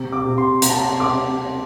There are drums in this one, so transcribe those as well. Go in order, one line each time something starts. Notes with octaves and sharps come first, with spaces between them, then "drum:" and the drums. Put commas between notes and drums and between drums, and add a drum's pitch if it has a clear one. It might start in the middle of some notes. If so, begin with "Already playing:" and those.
Already playing: C3
D6
C3
C6
C3 A#5, drum: hi-hat
A5
A#5
C6
C3 D6